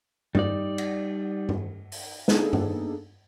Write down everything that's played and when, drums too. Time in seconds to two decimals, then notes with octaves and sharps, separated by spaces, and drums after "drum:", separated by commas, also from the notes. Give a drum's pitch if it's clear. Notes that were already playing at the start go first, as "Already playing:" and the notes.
0.35 G3 D#4 D5, drum: tom G2
0.78 drum: cymbal
1.49 drum: tom G2
1.92 drum: open hi-hat
2.28 A#3 B3 D4 D#4 G#4 A4, drum: snare
2.53 drum: tom G2